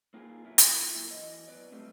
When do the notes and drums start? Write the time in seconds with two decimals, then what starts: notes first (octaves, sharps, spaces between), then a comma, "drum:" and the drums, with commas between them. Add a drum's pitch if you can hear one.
0.14 A#3 D#4 F4 G#4
0.44 F#2 B2 E4 F4
0.58 drum: hi-hat
0.95 A#3 E4
1.11 E2 D#5
1.48 F#2 B3 D5
1.72 G3 A3 B3 C4